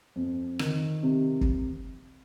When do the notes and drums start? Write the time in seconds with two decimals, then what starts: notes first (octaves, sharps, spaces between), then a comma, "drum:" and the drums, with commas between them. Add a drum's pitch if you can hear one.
0.16 F2
0.59 D#3, drum: rim click
1.03 C3
1.41 drum: kick